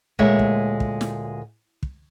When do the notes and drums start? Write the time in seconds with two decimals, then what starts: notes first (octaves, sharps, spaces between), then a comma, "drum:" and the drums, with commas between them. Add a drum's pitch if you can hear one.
0.19 D2 A#2 G#3 C#5 E5, drum: kick
0.39 drum: kick
0.80 drum: kick
1.01 drum: snare
1.83 drum: kick